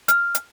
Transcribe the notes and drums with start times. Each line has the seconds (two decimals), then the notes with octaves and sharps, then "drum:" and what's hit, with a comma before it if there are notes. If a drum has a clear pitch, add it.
0.08 F6, drum: hi-hat
0.35 drum: hi-hat